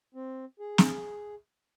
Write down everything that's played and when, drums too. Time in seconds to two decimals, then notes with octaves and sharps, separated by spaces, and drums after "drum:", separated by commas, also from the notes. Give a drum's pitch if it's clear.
0.14 C4
0.60 G#4
0.78 drum: snare